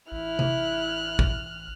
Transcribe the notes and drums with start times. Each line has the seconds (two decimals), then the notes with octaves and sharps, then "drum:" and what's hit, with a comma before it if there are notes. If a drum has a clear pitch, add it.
0.12 A1 E4 F6 F#6
0.39 drum: tom C3
1.19 drum: kick